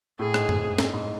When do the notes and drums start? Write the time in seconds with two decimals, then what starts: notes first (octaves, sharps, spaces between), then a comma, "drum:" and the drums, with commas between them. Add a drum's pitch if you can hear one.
0.19 A2 G#4
0.34 G#2, drum: rim click
0.49 G#2, drum: tom F#2
0.64 A2
0.78 G#2, drum: snare
0.94 G#2